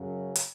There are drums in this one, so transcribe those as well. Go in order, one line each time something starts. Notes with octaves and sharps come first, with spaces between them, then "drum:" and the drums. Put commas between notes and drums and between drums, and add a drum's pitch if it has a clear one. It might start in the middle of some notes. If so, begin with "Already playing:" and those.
Already playing: F#2 C#3 F#3
drum: hi-hat